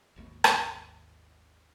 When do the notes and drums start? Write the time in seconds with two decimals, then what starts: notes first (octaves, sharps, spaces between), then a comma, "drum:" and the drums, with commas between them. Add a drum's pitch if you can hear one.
0.16 G#1 D#2 B2 A#3
0.44 drum: rim click